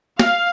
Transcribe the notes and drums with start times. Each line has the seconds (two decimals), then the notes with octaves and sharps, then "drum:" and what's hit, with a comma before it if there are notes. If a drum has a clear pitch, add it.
0.19 F5, drum: snare